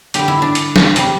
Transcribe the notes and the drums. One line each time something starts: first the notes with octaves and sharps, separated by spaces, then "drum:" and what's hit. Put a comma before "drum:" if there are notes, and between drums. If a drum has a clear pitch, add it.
D3 G3 G4, drum: hi-hat
E4
D4
drum: hi-hat
drum: snare
C3 G3, drum: hi-hat